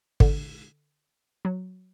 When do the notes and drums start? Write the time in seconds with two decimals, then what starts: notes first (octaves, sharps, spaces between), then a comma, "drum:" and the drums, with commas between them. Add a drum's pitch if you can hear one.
0.20 D3, drum: kick G#1
1.45 F#3